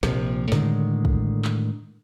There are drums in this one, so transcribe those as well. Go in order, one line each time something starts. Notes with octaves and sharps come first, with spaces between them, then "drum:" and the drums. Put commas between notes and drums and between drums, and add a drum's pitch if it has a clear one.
A#1 C3 F3, drum: snare
A2 D3 D#3 G#3, drum: snare
drum: kick
drum: clap